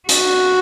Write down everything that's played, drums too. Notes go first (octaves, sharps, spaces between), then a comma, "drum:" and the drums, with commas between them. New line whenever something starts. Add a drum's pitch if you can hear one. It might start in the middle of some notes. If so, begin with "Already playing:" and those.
F#4, drum: hi-hat